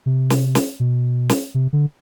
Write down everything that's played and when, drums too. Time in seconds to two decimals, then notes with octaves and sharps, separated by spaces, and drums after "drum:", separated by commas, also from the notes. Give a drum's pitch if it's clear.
0.06 C3
0.30 drum: snare
0.55 drum: snare
0.80 B2
1.29 drum: snare
1.54 C3
1.73 D3